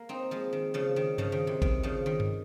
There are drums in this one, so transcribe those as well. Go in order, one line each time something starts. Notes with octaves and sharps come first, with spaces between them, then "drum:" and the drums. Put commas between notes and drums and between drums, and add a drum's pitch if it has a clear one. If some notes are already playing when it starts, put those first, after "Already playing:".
Already playing: A#3
C4 D#4
F3 G#3
D#3
C#3 F3
D#3
C#3 F3, drum: tom G2
D#3
C3
D#3, drum: kick G#1
C#3 F3
D#3
drum: tom G2